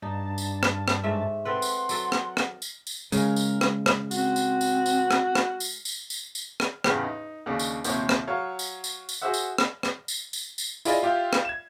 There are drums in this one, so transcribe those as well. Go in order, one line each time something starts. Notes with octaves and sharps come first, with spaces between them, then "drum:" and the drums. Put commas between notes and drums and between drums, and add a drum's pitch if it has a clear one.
G2 D4 D#4 A5
drum: tambourine
drum: rim click
drum: rim click
G#2 A3 E5
C4 A4 B4 F#5 C6
drum: tambourine
F#3 A4, drum: tambourine
drum: rim click
drum: rim click
drum: tambourine
drum: tambourine
C#3 G#3 A#4, drum: tambourine
drum: tambourine
drum: rim click
drum: rim click
C4 F#4, drum: tambourine
drum: tambourine
drum: tambourine
drum: tambourine
drum: rim click
drum: rim click
drum: tambourine
drum: tambourine
drum: tambourine
drum: tambourine
drum: rim click
E2 A2 C#3 G4 F6, drum: rim click
D#4
D#2 C#3 D4
drum: tambourine
A#1 D#2 C3 C4 C5 C#5, drum: tambourine
drum: rim click
F#3 C#5 F5
drum: tambourine
drum: tambourine
drum: tambourine
F#4 G#4 C5 E5 F#5
drum: tambourine
drum: rim click
drum: rim click
drum: tambourine
drum: tambourine
drum: tambourine
E4 F4 G#4 D5 D#5, drum: tambourine
F4 G4 E5 F5 G5
drum: rim click
G#6 E7